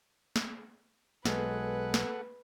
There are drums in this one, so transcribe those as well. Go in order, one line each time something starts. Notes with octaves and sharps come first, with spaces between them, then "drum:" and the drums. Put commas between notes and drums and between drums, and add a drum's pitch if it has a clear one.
drum: snare
B1 G#3 A4 B4 F#5, drum: snare
drum: snare